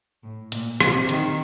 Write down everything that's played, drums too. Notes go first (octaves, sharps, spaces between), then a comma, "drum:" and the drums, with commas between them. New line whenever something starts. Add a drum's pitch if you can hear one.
A2
A#2, drum: hi-hat
C3, drum: rim click
D#3, drum: hi-hat